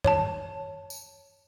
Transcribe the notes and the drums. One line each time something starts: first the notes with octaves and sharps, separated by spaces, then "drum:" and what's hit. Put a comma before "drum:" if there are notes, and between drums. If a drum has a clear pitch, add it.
C#5 A5, drum: tom F#2
drum: tambourine